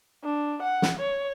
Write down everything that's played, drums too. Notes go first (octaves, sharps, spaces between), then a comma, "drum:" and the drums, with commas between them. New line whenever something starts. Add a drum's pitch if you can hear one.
D4
F#5
drum: snare
C#5